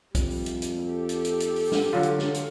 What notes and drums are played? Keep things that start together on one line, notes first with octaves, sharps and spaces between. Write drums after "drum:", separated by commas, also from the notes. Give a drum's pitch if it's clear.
F2 G3, drum: kick B1, hi-hat
drum: open hi-hat
drum: hi-hat
drum: hi-hat
G4 A4
drum: hi-hat
drum: hi-hat
drum: hi-hat
drum: open hi-hat
drum: snare
D3 F#3 F4
drum: hi-hat
drum: snare
drum: hi-hat